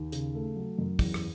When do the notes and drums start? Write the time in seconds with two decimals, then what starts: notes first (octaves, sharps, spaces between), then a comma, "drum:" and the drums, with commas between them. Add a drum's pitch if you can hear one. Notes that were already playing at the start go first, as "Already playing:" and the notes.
Already playing: D#2
0.12 C#3, drum: hi-hat
0.35 A3
0.57 F#3
0.78 F#2
0.99 E2, drum: kick, open hi-hat
1.14 drum: rim click